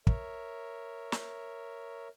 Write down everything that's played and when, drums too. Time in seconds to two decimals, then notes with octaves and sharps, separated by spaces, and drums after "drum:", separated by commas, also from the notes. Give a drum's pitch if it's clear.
0.07 A#4 C#5 E5, drum: kick
1.12 drum: snare